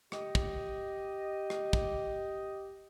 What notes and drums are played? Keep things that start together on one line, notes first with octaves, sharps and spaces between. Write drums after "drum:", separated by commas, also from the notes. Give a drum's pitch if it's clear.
G4 D#5, drum: rim click
drum: kick
drum: rim click
drum: kick